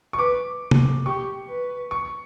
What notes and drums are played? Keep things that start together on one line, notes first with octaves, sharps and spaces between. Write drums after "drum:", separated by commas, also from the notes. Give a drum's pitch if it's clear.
C#6
B4 D6
drum: tom C3
G4 C#6
B4
C#6